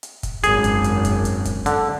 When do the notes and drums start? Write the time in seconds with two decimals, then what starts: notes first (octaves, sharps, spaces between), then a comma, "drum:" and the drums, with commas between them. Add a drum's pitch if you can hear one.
0.03 drum: hi-hat
0.23 drum: kick, hi-hat
0.44 G#1 F#2 G#4, drum: hi-hat
0.64 drum: kick, hi-hat
0.84 drum: hi-hat
1.05 drum: kick, hi-hat
1.25 drum: hi-hat
1.45 drum: kick, hi-hat
1.66 D3, drum: hi-hat